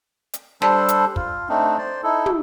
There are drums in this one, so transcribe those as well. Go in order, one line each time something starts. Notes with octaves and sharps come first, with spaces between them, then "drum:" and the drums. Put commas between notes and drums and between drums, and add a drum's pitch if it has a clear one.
drum: hi-hat
G3 D4 A4 C5, drum: snare
drum: hi-hat
F4, drum: kick
A3 C4 D4 D#4
C5 D5
D#4 E4 A4
drum: tom